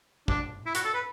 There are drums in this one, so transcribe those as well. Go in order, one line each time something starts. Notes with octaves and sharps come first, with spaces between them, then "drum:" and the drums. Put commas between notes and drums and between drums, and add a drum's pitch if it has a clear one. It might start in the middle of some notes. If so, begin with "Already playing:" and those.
D4, drum: kick
E4
F#4, drum: hi-hat
A4
B4